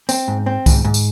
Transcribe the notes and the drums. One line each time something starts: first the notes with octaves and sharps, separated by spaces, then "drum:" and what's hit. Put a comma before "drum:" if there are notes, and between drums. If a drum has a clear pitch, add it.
C4, drum: tambourine
G#2
C4
G#2, drum: kick C2, tambourine
G#2
drum: tambourine